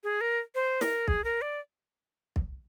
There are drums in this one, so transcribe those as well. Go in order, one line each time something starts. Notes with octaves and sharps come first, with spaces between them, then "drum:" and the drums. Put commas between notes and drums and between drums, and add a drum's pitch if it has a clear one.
G#4
A#4
C5
A#4, drum: snare
G#4, drum: kick
A#4
D5
drum: kick